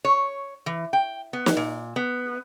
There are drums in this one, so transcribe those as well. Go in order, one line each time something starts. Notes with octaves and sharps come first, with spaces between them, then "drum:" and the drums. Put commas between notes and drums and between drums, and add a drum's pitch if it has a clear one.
C#5
E3
G5
B3
drum: snare
A#2
B3